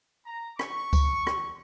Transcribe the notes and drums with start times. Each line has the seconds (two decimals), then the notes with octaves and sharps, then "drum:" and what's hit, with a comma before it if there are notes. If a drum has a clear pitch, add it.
0.26 A#5
0.59 C#6, drum: rim click
0.93 drum: kick C#2, tambourine
1.27 drum: rim click